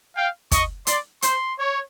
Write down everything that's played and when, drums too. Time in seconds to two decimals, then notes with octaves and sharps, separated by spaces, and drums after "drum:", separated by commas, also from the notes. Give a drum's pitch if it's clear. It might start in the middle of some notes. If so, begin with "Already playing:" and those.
0.16 F5 G5
0.51 D#5 C#6, drum: kick, hi-hat
0.87 D5 C6, drum: hi-hat
1.22 C5 C6, drum: hi-hat
1.58 C#5